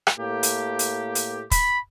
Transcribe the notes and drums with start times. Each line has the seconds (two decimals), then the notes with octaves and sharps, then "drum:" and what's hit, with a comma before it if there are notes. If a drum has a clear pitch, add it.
0.07 drum: rim click
0.19 A2 A#3 G4
0.43 drum: hi-hat
0.79 drum: hi-hat
1.15 drum: hi-hat
1.51 B5, drum: kick, hi-hat